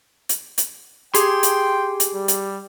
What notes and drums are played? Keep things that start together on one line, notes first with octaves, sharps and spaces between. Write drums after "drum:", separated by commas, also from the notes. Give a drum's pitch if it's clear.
drum: hi-hat
drum: hi-hat
G4 G#4 G5 C6, drum: hi-hat
drum: hi-hat
drum: hi-hat
G3
drum: hi-hat